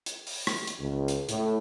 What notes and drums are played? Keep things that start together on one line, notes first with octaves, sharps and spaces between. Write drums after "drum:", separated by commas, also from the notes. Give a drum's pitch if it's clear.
drum: hi-hat
drum: open hi-hat
drum: rim click
drum: hi-hat
C#2
drum: hi-hat
A2, drum: hi-hat